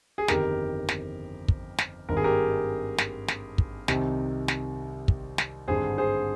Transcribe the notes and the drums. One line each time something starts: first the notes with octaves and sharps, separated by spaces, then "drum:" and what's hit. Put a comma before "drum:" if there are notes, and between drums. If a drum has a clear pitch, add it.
G#4
G1 F2 D#3 G4 A#4, drum: snare
drum: snare
drum: kick
drum: snare
G#1 G2 D#3 A#4
G#4
G4 A#4
drum: snare
drum: snare
drum: kick
C2 C3 D#3, drum: snare
drum: snare
drum: kick
drum: snare
G#1 G2 D3 G#4 C5
G#4 C5